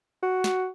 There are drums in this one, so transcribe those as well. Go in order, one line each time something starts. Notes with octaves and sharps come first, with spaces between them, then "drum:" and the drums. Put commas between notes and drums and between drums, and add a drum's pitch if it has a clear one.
F#4
drum: snare